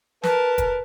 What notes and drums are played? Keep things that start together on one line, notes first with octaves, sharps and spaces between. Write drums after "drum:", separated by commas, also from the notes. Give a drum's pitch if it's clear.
A#4 B4 A5, drum: snare
drum: kick, hi-hat